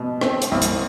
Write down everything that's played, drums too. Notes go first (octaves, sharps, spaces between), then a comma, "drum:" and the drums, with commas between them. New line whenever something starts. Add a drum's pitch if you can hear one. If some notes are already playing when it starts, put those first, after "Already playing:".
Already playing: B2
C4, drum: rim click
drum: hi-hat
C2
drum: hi-hat